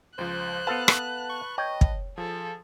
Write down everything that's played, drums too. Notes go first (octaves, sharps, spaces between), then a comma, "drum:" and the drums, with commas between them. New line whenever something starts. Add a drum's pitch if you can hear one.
C#2 F3 C5 F#6
B3 A4 B4 F5 A5
drum: rim click
C#6
C#5 D#5 G5
drum: kick
F3 G#4 A4